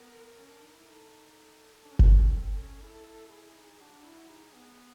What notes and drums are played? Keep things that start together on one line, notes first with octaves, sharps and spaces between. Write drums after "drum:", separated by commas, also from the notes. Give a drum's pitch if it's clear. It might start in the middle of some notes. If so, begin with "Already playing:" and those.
Already playing: B3 A#4
C#4
D4
D#4
E4
D#4 A4
A4
D4
C#4
D4, drum: kick F#1
C#4
C4
C#4
E4 A4
E4
E4 G#4
D#4
D4 F#4
E4
D#4 G#4
B3